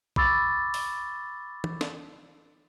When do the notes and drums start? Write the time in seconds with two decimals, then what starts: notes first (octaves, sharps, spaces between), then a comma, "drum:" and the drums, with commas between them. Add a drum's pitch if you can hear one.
0.16 B5 C#6 D6 E6 A6, drum: kick
0.74 drum: open hi-hat
1.64 drum: tom
1.81 drum: snare